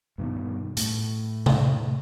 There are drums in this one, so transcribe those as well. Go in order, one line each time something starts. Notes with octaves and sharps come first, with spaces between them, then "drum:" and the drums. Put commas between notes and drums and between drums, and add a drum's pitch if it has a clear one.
G2 B2 D#3
A2, drum: hi-hat
drum: tom C3